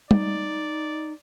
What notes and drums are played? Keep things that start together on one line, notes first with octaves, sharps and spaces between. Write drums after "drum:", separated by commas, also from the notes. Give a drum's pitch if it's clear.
D#4 D5, drum: tom G3